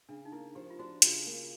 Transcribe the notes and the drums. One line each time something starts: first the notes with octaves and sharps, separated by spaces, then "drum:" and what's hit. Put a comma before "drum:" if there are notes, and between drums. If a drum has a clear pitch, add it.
C#3 D4
D#4
A#3 E4
F3 G4
F4
D4 F#4
C#3 F4, drum: hi-hat
A#3